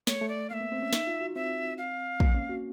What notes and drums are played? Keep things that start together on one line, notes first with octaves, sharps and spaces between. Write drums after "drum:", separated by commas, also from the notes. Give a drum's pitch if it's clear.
A3 C#5, drum: snare
A3
D5
A#3 E5 F5
B3
C4
C#4
D#4, drum: snare
F4
F#4
C4 E5
F5
A#3, drum: kick
C#4
F#4